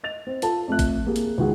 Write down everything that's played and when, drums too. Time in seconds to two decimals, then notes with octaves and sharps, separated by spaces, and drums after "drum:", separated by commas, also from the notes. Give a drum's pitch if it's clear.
0.03 D#5 A6 F7
0.27 C4
0.42 F4 A4 A5, drum: hi-hat
0.67 F2 A3 F#6
0.79 drum: kick G#1, hi-hat
1.07 A#3 G4 G#4
1.16 drum: hi-hat
1.38 C#2 D#3 F#4 G#4